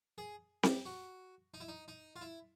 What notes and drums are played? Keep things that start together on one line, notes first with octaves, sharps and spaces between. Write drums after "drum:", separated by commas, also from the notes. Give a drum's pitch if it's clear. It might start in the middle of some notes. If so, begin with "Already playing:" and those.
G#4
G4, drum: snare C4
F#4
D#4
E4
D#4
D#4
F4
E4